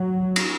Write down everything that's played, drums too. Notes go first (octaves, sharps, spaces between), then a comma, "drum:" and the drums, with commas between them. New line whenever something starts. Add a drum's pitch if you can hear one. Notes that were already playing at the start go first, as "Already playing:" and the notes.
Already playing: F#3
drum: cymbal